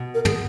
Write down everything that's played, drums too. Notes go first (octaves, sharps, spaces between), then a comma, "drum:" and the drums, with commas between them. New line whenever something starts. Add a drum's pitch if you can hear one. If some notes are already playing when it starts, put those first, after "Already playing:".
Already playing: B2
A#4
G#4, drum: tom